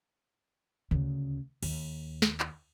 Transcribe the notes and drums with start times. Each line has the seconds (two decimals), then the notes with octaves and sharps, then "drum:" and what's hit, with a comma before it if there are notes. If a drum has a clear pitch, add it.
0.91 D2 C#3, drum: tom D3
1.63 D#2, drum: cymbal
2.22 drum: snare
2.40 drum: clap